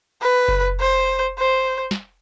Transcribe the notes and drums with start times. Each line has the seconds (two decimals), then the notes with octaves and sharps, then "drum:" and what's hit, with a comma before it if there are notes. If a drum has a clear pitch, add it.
0.22 B4
0.48 drum: kick F#1
0.81 C5
1.39 C5
1.91 drum: snare